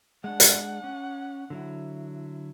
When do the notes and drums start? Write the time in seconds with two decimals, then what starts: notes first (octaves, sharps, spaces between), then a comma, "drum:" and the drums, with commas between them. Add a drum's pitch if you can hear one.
0.24 G#3 D4 F#5
0.40 drum: hi-hat
0.84 C#4
1.50 D3 F#3 E4